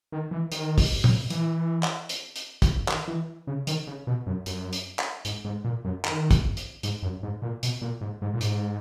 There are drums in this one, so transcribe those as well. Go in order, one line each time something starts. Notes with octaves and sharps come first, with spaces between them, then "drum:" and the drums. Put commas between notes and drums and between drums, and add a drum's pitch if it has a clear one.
D#3
E3
D#3, drum: hi-hat
drum: kick, open hi-hat
drum: tom
E3, drum: hi-hat
drum: clap
drum: hi-hat
drum: hi-hat
drum: kick, hi-hat
D#3, drum: clap
E3
C#3
D#3, drum: hi-hat
C#3
B2
F#2
F#2, drum: hi-hat
drum: hi-hat
drum: clap
G#2, drum: hi-hat
G#2
A#2
F#2
D#3, drum: clap
drum: kick, hi-hat
drum: hi-hat
G#2, drum: hi-hat
F#2
G#2
A#2
B2, drum: hi-hat
A#2
G#2
G#2
A#2
G#2, drum: hi-hat